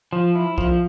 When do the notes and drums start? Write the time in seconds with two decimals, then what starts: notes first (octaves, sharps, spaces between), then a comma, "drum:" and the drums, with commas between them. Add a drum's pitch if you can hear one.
0.13 F3
0.35 E4
0.58 F3, drum: kick B1